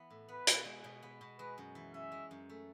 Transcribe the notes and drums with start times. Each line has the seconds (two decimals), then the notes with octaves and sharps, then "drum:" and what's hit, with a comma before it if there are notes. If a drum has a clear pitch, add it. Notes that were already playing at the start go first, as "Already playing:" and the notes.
Already playing: E3 B3
0.10 A2
0.29 B3 B4
0.47 B2, drum: hi-hat
0.65 G#3
0.84 B2
1.03 B3
1.21 B2
1.39 G#3 B4
1.58 F#2
1.75 E3
1.94 C#4 E5
2.12 G#3
2.31 F#2
2.49 A3